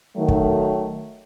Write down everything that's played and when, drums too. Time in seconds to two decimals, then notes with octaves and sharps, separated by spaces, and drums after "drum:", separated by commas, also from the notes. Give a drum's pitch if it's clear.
0.16 D#3 F#3 A3
0.28 drum: kick